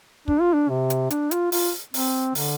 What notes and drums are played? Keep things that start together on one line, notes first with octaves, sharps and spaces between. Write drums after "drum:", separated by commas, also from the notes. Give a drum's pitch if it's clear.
D4, drum: kick
F4
D4
C3
drum: hi-hat
D4, drum: hi-hat
F4, drum: hi-hat
F4, drum: open hi-hat
C4, drum: open hi-hat
D3, drum: open hi-hat